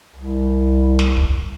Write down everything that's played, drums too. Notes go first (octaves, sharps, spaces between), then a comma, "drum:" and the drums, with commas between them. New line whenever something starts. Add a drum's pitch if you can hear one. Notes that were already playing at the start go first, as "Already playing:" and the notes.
C2
drum: snare
drum: kick